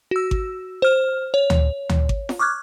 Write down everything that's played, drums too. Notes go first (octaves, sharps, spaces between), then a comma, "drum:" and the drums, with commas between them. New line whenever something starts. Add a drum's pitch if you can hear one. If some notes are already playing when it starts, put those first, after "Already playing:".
F#4 E6
drum: kick G#1
C5 F6
C#5
drum: tom D2
drum: tom D2
drum: kick G#1
drum: snare
C#6 D6 F6 F#6 G#6